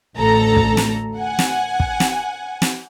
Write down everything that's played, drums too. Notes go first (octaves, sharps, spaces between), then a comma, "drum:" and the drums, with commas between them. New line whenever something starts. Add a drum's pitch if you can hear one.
A1 D2 A4 A#5
drum: kick
drum: snare
F#5 G#5
drum: snare
drum: kick
drum: snare
drum: snare